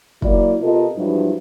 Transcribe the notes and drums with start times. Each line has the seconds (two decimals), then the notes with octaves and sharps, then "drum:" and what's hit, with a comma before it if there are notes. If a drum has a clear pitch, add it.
0.22 F#3 A#3 E4 D5, drum: kick
0.61 C3 B3 F4 A4 A#4 D#5
0.96 G2 F3 F#3 E4